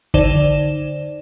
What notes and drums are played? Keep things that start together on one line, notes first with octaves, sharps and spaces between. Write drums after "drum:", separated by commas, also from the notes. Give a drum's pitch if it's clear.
D3 D#4 C5 D5 E7, drum: kick